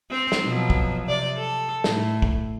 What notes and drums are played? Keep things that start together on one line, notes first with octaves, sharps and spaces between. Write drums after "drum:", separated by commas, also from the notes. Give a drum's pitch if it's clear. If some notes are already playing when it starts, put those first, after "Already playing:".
C4
drum: snare
B2 F3 F#3
drum: kick
C3 D5
A4
A2, drum: snare
drum: kick